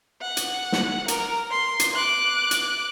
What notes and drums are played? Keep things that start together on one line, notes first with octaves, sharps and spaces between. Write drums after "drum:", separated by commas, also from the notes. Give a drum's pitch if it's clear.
F#5
drum: hi-hat
drum: snare
A#4, drum: hi-hat
C6
drum: hi-hat
D6 F#6
drum: hi-hat